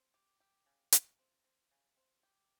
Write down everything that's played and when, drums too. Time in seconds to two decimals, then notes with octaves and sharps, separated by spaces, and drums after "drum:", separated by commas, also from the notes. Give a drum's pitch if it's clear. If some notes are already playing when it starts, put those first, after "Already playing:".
Already playing: C4
0.14 G4
0.40 G4
0.66 C#3
0.92 C#3, drum: hi-hat
1.19 C4
1.44 C4
1.71 C#3
1.97 C4
2.23 G4